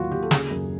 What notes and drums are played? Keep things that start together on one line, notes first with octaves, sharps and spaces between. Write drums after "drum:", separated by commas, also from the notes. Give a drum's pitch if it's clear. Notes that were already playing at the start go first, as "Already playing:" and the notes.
Already playing: D#2 A2 F#3 F4 F#4
D#2 G4
A4
C#3 G#4, drum: snare
F#2